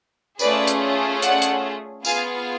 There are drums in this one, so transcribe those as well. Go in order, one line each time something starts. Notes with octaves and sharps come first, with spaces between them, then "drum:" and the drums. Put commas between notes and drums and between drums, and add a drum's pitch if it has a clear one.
A3 C#4 F4 G#4 B4 D5, drum: tambourine
drum: hi-hat
D5 F#5, drum: hi-hat
drum: hi-hat
B3 F4 G#4 F5 G#5, drum: tambourine